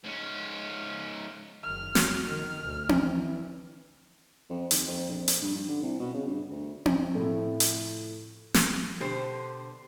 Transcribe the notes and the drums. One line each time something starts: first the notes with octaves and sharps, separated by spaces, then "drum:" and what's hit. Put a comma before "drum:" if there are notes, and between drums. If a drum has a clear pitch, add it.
G#2 C#4
F#1 D#3 F6
F#3, drum: snare
D#3 F6
D2
drum: tom C4
E3
F2
D#2, drum: hi-hat
F2
A#1
drum: hi-hat
G2
G2
D3
C2
B2
C#3
G2
D2
drum: tom C4
A2 C3 F3 A3
drum: hi-hat
drum: snare
B2 D3 G4 C5